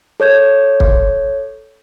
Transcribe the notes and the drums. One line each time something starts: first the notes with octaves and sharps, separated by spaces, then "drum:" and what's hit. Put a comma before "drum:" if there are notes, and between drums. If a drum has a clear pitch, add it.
A4 C#5 G6 G#6
drum: kick